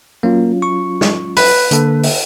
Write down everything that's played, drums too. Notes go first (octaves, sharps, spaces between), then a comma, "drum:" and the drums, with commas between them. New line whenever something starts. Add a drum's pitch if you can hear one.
F#3 A#3 C#4 F4
C#6
drum: snare
B4, drum: open hi-hat
D3 A#3 A4, drum: hi-hat
drum: open hi-hat